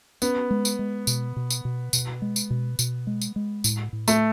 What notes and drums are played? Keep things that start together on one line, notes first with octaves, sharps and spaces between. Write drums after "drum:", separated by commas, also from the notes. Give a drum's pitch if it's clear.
B3 C#4, drum: tambourine
G#3
drum: tambourine
G#3
B2, drum: tambourine
B2
drum: tambourine
B2
B2, drum: tambourine
G#3
drum: tambourine
B2
B2, drum: tambourine
G#3
drum: tambourine
G#3
A2, drum: tambourine
A2
A3, drum: tambourine